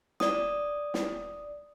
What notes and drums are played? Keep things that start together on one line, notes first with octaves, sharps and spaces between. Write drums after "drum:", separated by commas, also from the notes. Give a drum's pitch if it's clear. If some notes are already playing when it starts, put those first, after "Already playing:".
D5 D#6, drum: snare
drum: snare